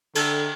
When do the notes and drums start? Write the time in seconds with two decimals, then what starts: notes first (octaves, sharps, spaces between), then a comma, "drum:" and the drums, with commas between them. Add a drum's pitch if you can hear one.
0.15 D3 A4, drum: cymbal